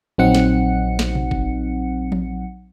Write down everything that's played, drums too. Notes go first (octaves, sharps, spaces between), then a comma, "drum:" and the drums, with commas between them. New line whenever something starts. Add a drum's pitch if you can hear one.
A#1 F#3 C4 D#4 F#5 C#7
drum: snare
drum: snare
drum: tom B2
drum: kick F#1
drum: tom